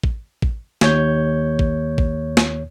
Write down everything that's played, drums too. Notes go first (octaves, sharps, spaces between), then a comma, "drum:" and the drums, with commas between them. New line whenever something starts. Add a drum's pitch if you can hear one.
drum: kick A1
drum: kick A1
D#2 C#5 G6, drum: snare
drum: kick A1
drum: kick A1
drum: snare